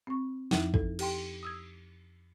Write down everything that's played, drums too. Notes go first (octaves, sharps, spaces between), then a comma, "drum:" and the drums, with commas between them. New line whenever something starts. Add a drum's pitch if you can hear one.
C4 C#6
F2 F3 D#4 E4 E5, drum: snare
A4, drum: kick
G4 G5 C6, drum: cymbal
D#6 E6 G#6